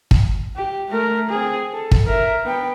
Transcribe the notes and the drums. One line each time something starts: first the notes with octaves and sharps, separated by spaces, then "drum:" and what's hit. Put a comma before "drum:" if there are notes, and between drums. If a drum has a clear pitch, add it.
drum: kick
G4
A3 A#4
C4 G#4
A4
drum: kick
A#4 E5
B3 G5